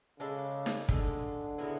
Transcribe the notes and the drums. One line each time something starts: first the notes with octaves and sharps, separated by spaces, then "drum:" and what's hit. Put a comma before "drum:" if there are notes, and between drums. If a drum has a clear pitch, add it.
C#3 G#3 D4 A4
drum: snare D#4
D3 G#3 D4 A4, drum: kick
C#3 F#3 B3 E4